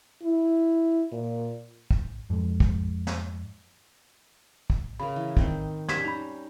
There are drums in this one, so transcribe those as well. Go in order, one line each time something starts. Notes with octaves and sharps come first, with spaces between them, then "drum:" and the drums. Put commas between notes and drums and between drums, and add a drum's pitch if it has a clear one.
E4
A#2
drum: kick
F2 G#2
drum: kick
drum: snare
drum: kick
C#3 A#4 B5
E3
D#3 C4, drum: kick
G3 C#4 G4 G#6 B6 E7, drum: snare
D#4 A#5 B5